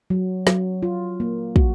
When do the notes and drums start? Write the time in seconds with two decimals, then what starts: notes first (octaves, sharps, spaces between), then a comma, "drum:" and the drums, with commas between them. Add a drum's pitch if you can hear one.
0.10 F#3
0.47 F#3, drum: snare
0.83 F4
1.20 A#3
1.56 F#4, drum: kick